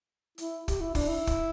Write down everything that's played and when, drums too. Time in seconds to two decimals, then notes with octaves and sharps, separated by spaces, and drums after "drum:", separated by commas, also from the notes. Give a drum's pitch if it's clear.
0.38 E4, drum: hi-hat
0.68 G4, drum: kick, hi-hat
0.80 E4
0.95 D4, drum: kick, open hi-hat
1.08 E4
1.27 drum: kick, hi-hat